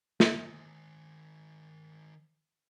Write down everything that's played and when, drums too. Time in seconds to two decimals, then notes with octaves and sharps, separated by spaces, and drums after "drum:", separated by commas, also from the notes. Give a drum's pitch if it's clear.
0.20 D#3 C5, drum: snare